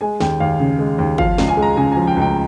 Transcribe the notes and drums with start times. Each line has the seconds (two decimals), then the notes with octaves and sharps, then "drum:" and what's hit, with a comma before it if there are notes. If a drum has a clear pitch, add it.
0.01 G#3 G#5
0.20 D#2 G5, drum: snare
0.40 D#2 F5
0.60 C#3
0.79 G#3
0.98 D#2
1.18 F3 F5, drum: kick G1
1.38 C#2, drum: snare
1.48 G#5
1.57 G#3
1.62 A#5
1.77 C#3 G#5
1.92 F3 G#5
2.07 G5
2.16 C#2
2.21 G5